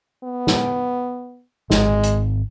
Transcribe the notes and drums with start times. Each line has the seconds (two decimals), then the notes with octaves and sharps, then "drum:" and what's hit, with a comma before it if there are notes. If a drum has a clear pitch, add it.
0.24 B3
0.47 drum: snare
1.70 G#1 G#3, drum: snare
2.03 drum: hi-hat